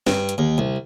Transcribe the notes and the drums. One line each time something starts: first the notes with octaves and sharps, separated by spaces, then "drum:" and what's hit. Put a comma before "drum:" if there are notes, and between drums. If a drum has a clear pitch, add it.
G2, drum: snare
drum: hi-hat
D#2
C2